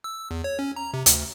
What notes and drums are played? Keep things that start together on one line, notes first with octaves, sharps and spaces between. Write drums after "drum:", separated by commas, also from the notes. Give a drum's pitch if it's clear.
E6
E2
C#5
C#4
A#5
C3
D2, drum: hi-hat